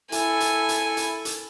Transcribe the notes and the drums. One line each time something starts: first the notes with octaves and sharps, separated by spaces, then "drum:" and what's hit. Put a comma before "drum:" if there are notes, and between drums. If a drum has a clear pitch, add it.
E4 A4 G#5, drum: hi-hat
drum: hi-hat
drum: hi-hat
drum: hi-hat
drum: hi-hat